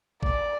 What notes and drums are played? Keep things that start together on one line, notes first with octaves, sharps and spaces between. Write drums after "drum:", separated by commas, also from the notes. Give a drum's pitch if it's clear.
D5, drum: kick G#1